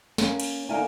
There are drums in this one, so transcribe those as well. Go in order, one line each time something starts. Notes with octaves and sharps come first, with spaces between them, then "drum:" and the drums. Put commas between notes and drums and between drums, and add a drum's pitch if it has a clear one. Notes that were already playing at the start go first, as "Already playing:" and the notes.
A#3 C#4, drum: snare
drum: cymbal
D3 A#3 D#4 F4 E5 G#5